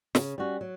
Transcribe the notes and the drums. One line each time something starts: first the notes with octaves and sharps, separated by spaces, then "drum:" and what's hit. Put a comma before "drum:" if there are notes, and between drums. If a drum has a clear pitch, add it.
C#3, drum: snare
G3 C#4 F#4
F#3